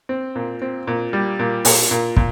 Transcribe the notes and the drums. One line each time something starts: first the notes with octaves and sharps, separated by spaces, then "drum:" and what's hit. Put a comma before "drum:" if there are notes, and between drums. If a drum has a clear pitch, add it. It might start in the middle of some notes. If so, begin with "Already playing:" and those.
C4
A#2
C4
A#2
G3
A#2
A#2, drum: open hi-hat
A#2
A#2, drum: kick